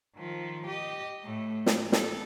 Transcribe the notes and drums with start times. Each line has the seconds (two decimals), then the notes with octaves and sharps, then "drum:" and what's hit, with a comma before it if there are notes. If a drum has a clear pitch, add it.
0.16 D#3 F3
0.66 G4 D#5
1.23 A2 A3
1.66 drum: snare
1.92 A4, drum: snare